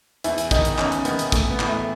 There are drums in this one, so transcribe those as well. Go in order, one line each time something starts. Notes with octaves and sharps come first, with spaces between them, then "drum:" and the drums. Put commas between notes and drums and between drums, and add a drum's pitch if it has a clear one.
E2 E4, drum: hi-hat
drum: hi-hat
D#3 D#4, drum: kick, hi-hat
drum: hi-hat
D#4
E2 C#4, drum: clap
drum: hi-hat
D#3 B3, drum: hi-hat
drum: hi-hat
A2 A3, drum: kick, hi-hat
B3
E3, drum: clap
A3